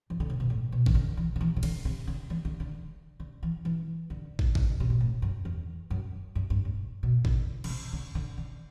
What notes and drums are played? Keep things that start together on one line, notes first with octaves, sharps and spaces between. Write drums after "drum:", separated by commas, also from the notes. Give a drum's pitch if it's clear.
E3
D3
C3
B2
A2
B2
E3, drum: kick
D3
E3
D3
E3
C3
D3, drum: cymbal
C3
D3
E3
D3
D3
D3
E3
E3
D3
drum: kick
C3, drum: kick
C3
B2
A2
F#2
E2
F#2
F#2
G2
A2
B2
D3, drum: kick
D3, drum: cymbal
C3
D3
D3
D3